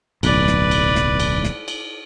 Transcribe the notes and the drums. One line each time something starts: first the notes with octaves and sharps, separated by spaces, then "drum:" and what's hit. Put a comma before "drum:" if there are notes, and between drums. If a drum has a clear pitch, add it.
D1 B1 B4 D5, drum: cymbal
drum: snare
drum: cymbal
drum: snare
drum: cymbal
drum: snare
drum: cymbal